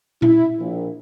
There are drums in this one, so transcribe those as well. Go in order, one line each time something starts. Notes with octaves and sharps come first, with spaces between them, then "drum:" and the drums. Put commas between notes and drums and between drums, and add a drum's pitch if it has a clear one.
E4, drum: tom A#2
A#1